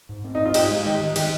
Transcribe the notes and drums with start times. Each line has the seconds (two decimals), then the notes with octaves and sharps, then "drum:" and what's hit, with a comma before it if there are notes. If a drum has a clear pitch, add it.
0.09 G#2
0.24 C4
0.35 G#2 D#4
0.46 F4
0.54 G#2 D#4 G4, drum: cymbal
0.70 G#3
0.86 D#3 D#4 G4
1.01 D#3
1.16 D#3 D#4 G4, drum: cymbal